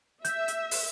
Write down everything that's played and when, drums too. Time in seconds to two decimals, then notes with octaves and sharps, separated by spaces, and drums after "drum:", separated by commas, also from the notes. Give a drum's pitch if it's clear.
0.25 E5 G6, drum: hi-hat
0.48 drum: hi-hat
0.71 drum: open hi-hat